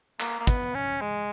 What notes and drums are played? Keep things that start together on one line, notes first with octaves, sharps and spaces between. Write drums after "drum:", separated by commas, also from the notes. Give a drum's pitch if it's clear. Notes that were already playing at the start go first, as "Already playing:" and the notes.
A#3, drum: clap
A#3
B3, drum: kick, hi-hat
C#4
G#3